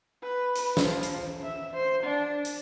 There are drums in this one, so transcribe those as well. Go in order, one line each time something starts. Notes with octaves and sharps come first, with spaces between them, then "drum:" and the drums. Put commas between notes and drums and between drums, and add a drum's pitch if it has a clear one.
B4
drum: hi-hat
F3, drum: snare
drum: hi-hat
E5
C5
D4
drum: hi-hat